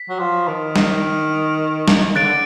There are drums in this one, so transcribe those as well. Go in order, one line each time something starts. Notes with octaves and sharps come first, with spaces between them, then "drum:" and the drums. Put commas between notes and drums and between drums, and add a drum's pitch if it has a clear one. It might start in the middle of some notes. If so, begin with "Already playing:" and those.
Already playing: B6
F#3
F3
D#3
drum: snare
drum: snare
C#3 F#6 A6 D7
D3